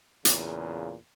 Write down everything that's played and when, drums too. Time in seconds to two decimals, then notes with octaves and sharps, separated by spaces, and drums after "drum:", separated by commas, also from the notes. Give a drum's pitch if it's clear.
0.25 E2 A#2 C#3, drum: hi-hat